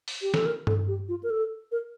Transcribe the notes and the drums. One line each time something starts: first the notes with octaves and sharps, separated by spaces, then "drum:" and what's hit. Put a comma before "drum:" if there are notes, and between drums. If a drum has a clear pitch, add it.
drum: open hi-hat
G4
A4, drum: snare
A#4
A4, drum: tom
G4
F4
A#4
A4
A#4